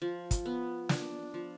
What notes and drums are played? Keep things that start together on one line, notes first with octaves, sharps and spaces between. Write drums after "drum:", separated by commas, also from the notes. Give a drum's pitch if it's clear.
F3
drum: kick, hi-hat
B3
D4, drum: snare
F3